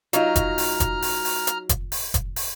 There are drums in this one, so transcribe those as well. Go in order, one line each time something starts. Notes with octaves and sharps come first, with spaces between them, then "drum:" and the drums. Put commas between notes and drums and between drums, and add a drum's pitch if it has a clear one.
F#3 D#4 F4 F5 A#5 F6, drum: hi-hat
drum: kick F1, hi-hat
drum: open hi-hat
drum: kick F1, hi-hat
drum: open hi-hat
drum: open hi-hat
drum: hi-hat
drum: kick F1, hi-hat
drum: open hi-hat
drum: kick F1, hi-hat
drum: open hi-hat